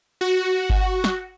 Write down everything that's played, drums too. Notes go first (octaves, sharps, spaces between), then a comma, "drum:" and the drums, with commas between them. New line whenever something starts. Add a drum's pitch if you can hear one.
F#4
drum: kick G1
drum: snare